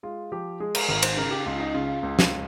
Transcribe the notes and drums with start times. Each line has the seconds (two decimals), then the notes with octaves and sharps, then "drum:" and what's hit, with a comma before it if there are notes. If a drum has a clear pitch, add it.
0.03 G#3 F4
0.32 F3 G4
0.60 G#3 G#4
0.75 A#4, drum: cymbal
0.89 G#1 A#4
1.03 C5, drum: cymbal
1.17 C#3 A#4
1.31 G4
1.46 C#2 F4
1.60 D#4
1.74 C#3 F4
2.03 C#2
2.19 drum: snare